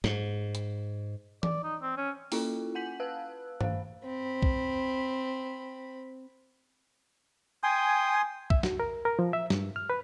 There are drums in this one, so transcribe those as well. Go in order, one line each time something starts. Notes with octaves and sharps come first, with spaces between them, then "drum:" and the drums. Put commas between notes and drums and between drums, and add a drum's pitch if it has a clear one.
G#2, drum: snare
drum: hi-hat
D5, drum: tom E3
D#4
C4
C#4
A#3 C#4 E4 F4 A4, drum: open hi-hat
F#5 G#5 G6 B6 F#7
B4 F5 A5 E6 F#6
C5 F5, drum: tom G2
C4 B5
drum: kick
G5 G#5 C6 D#6
E5, drum: kick
F#4, drum: snare
A#4
A#4
F3
E5
G2, drum: snare
F6
B4